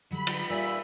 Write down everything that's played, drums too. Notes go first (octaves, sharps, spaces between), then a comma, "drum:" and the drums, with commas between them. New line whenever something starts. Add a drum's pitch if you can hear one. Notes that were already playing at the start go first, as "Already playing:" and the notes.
D3 F#3 G3 B5
drum: cymbal
A#2 G3 E5